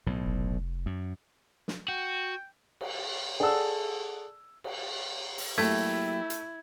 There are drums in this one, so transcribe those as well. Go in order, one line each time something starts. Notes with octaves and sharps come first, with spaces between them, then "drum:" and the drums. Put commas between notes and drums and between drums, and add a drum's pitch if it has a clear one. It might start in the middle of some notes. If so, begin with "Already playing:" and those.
B1 A2
F1
F#2
drum: snare
F#4 G5
drum: cymbal
G#4 A4 D5 F#5 A5 E6
drum: cymbal
drum: open hi-hat
F#3 A3 A#3 E4 G4 G#6
drum: hi-hat